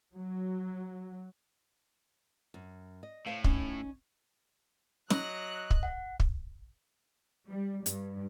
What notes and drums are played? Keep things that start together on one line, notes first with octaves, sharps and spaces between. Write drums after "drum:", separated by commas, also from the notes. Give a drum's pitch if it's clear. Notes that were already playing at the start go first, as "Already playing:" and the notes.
F#3
F#2
D#5
A2 C5 F5
C#4 D#4, drum: kick
F#3 D#5 F#6, drum: snare
drum: kick
F#5
drum: kick
G3
G2, drum: hi-hat